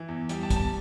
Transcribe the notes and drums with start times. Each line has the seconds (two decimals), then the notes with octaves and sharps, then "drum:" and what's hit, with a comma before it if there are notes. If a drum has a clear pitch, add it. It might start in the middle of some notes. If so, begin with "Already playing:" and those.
Already playing: E3
0.08 E2
0.29 G3 G5, drum: hi-hat
0.43 A5
0.50 E2, drum: kick, hi-hat
0.56 A5